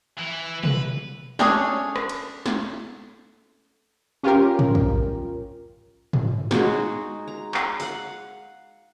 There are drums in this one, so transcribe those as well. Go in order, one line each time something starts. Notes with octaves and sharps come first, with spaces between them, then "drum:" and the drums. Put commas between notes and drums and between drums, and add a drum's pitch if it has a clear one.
E3
B4, drum: tom
A3 C#4 D4 G#4 C#5, drum: snare
drum: rim click
drum: cymbal
drum: snare
C#4 F4 G4 A#4
drum: tom G#2
drum: kick
drum: tom G#2
G#3 D#4 F#4 G#4, drum: snare
A#5
drum: clap
F5 F#5, drum: open hi-hat